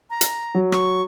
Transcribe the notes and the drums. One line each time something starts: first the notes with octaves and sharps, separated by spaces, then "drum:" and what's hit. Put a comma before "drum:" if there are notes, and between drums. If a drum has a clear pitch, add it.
A#5
drum: hi-hat
F#3
C#6, drum: rim click